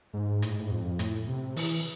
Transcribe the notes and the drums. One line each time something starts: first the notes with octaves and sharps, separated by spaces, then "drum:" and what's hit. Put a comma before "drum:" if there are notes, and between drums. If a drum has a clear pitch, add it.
G#2
A2, drum: hi-hat
G#2
A2
G#2
F2
A2, drum: hi-hat
C3
E3, drum: open hi-hat